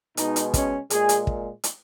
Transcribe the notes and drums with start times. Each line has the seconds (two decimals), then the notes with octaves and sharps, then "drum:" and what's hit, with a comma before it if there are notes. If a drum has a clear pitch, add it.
0.17 B2 G#3 D#4, drum: hi-hat
0.36 drum: hi-hat
0.54 C#4, drum: kick, hi-hat
0.90 A#2 G#3 G#4, drum: hi-hat
1.09 drum: hi-hat
1.27 drum: kick
1.64 drum: hi-hat